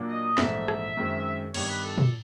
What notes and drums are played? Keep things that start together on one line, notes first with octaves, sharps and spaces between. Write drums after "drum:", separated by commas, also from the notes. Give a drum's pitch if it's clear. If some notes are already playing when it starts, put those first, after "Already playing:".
Already playing: A#2 F#3 A#3 D4
D#5
A#1 G#2 E3 A3 C4 E5, drum: snare
drum: rim click
F#2 D#3 G#3 C4
G2 D#3 G3 B3 C#5, drum: cymbal
B4
A4
A4, drum: tom